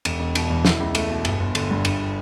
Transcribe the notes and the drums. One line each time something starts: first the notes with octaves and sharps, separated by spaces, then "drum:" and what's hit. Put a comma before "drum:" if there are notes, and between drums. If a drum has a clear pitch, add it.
E1, drum: cymbal
E1
B2, drum: cymbal
E2
E4, drum: snare
C#2
A3, drum: cymbal
B2
G1, drum: cymbal
G1
D3, drum: cymbal
G2
G1, drum: cymbal